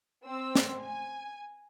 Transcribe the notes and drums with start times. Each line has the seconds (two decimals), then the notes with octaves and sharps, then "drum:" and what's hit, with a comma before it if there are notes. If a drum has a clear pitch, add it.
0.23 C4 E6
0.55 drum: snare
0.79 G#5